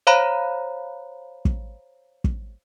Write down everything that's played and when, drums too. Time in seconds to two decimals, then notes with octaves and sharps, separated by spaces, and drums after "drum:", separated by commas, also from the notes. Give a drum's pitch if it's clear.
0.07 C5 C#5 F5 A#5 B5 F#6
1.45 drum: kick
2.24 drum: kick